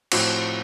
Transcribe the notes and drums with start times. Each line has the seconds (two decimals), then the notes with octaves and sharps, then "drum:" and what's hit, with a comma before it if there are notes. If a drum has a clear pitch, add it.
0.12 A2 F3 C4 F#4, drum: cymbal